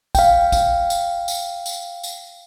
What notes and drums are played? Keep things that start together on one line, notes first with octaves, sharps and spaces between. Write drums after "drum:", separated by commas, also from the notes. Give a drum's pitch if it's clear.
F5 G5, drum: kick, tambourine
drum: kick, tambourine
drum: tambourine
drum: tambourine
drum: tambourine
drum: tambourine